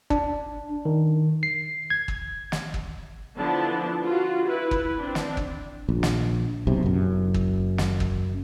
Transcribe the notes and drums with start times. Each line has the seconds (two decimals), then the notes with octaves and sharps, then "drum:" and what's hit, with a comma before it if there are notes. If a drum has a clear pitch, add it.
0.10 D4, drum: kick
0.85 D#3
1.43 C7
1.90 G#6
2.08 drum: kick
2.52 drum: snare
2.74 drum: kick
3.37 D3 F3 B3 D4 E4 A5
4.05 F4 F#4
4.47 E4 B4
4.71 drum: kick
4.99 C4 D4
5.15 drum: snare
5.37 drum: kick
5.89 A#1
6.03 drum: snare
6.67 B1 C3
6.83 F#1 F#2
7.34 drum: kick
7.78 drum: snare
8.00 drum: kick